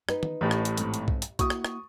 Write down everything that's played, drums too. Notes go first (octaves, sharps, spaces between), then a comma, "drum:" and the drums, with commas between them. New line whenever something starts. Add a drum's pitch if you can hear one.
D#4 B4, drum: rim click
drum: tom
A1 A2 G4
drum: rim click
drum: hi-hat
G#2 C4 A4, drum: hi-hat
drum: hi-hat
drum: kick B1
drum: hi-hat
A#3 E4 F#4 C#6 D#6, drum: kick B1, hi-hat
drum: rim click
drum: rim click